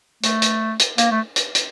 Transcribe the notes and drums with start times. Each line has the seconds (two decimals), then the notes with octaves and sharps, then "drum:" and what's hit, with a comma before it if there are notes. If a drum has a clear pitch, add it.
0.23 A3, drum: hi-hat
0.42 drum: hi-hat
0.79 drum: hi-hat
0.98 A#3, drum: hi-hat
1.11 A3
1.36 drum: hi-hat
1.55 drum: hi-hat